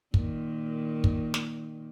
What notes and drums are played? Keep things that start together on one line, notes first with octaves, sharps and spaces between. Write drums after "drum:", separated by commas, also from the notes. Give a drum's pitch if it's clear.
A#2 D#3, drum: kick
drum: kick
drum: snare